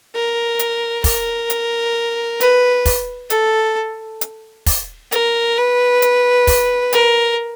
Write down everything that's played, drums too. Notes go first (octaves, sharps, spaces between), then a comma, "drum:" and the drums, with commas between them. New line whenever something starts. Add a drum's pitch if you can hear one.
A#4
drum: hi-hat
A#4, drum: kick, open hi-hat
drum: hi-hat
B4, drum: hi-hat
drum: kick, open hi-hat
A4, drum: hi-hat
drum: hi-hat
drum: kick, open hi-hat
A#4, drum: hi-hat
B4
drum: hi-hat
drum: kick, open hi-hat
A#4, drum: hi-hat